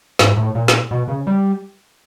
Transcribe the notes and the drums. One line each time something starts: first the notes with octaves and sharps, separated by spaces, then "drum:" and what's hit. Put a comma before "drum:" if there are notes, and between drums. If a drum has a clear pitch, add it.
G#2, drum: snare
A2
A#2
drum: snare
B2
C#3
G3